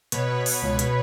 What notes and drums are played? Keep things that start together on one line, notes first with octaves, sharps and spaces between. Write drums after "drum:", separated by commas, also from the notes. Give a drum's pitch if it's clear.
B2 B4 C#5, drum: hi-hat
B2
B2, drum: open hi-hat
C#2
B2, drum: hi-hat